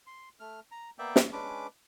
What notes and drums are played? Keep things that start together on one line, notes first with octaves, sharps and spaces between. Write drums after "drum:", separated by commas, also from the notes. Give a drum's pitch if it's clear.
C6
A3 F6
A#5
A#3 B3 D5 E5 G5
drum: snare
G#3 C#4 D4 B4 D6